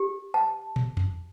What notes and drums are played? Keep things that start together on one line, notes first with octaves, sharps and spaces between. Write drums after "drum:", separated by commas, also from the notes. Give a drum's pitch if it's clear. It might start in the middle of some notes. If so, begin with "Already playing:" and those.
Already playing: G4
A5
drum: tom
drum: tom E2